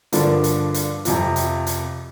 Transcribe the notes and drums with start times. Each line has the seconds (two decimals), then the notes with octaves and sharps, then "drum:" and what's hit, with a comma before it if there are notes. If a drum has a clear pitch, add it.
0.13 G2 D3 F3 A#3 D4, drum: hi-hat
0.44 drum: hi-hat
0.74 drum: hi-hat
1.05 F2 C3 F3, drum: hi-hat
1.36 drum: hi-hat
1.67 drum: hi-hat